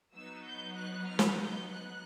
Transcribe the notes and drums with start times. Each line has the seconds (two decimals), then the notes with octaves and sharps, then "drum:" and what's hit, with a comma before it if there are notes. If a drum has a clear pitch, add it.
0.14 F#3 B3 D#4 E6
0.45 G6
0.77 F#6
1.08 F6
1.19 drum: snare
1.40 G6
1.72 F#6